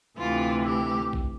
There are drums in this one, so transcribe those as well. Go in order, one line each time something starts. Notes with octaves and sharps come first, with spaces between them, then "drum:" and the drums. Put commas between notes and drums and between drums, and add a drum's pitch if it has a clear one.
D2 C3 E3 F4
G4
drum: kick A1